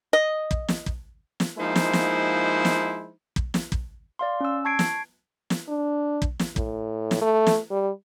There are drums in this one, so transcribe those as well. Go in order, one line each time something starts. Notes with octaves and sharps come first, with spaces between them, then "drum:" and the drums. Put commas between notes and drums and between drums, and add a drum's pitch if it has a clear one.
D#5
drum: kick
drum: snare
drum: kick
drum: snare
F3 G#3 A#3 D#4 E4 C5
drum: snare
drum: snare
drum: snare
drum: kick
drum: snare
drum: kick
D5 F5 C6
C#4 E6
A5 C#6 G#6 C7 D7
drum: snare
drum: snare
D4
drum: kick
drum: snare
A2, drum: kick
drum: snare
A3
drum: snare
G3